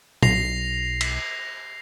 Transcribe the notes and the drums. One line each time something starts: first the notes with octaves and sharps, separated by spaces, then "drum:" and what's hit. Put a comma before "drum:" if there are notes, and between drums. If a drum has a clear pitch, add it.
B1 A#6 C7 F7, drum: tom A#2
drum: cymbal